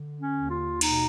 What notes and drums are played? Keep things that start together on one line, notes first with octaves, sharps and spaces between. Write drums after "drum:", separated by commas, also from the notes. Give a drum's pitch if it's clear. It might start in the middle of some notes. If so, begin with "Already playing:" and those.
Already playing: D3
C#4
D#2
F4
B2 D#4, drum: cymbal